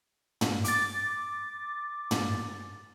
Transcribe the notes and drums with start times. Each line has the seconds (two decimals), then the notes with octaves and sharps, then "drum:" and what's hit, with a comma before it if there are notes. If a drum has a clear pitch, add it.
0.41 drum: tom
0.64 D6 A6, drum: hi-hat
2.11 drum: tom